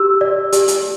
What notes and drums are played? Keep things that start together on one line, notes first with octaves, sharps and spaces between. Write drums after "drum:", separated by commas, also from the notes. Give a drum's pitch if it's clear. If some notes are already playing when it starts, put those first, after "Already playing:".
Already playing: G4 E6
D5
G4, drum: hi-hat
drum: hi-hat